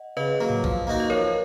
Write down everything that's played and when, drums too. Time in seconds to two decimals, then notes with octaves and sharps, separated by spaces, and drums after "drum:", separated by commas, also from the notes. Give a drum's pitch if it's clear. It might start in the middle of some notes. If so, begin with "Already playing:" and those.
Already playing: D#5 F#5
0.17 C#3 B4 D#5
0.40 F#3 A#3
0.50 drum: tom G#2
0.64 F3, drum: kick A#1
0.87 A#3 D#4 F#4
1.00 D#5
1.10 F3 A#4 C#5